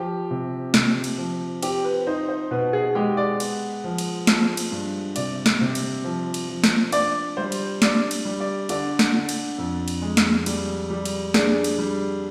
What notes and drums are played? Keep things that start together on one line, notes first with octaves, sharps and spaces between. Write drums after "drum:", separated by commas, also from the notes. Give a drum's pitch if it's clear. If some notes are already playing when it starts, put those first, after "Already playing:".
Already playing: F3 G4
C3
C3, drum: snare
drum: cymbal
F3
C4 G4, drum: cymbal
B4
D#4 C5
C5
B2 B4
G#4
G#3 G4
D5
B3, drum: cymbal
F3
drum: cymbal
F3, drum: snare
drum: cymbal
G2
C3 D5, drum: cymbal
drum: snare
C3
drum: cymbal
F3
drum: cymbal
F3
drum: snare
D4 D5, drum: cymbal
G3 C5
drum: cymbal
D4 D5, drum: snare
drum: cymbal
G3
D5
D3 D5, drum: cymbal
drum: snare
D3
drum: cymbal
F2
drum: cymbal
G#3
drum: snare
G3, drum: cymbal
G3
drum: cymbal
D4 G#4, drum: snare
drum: cymbal
G3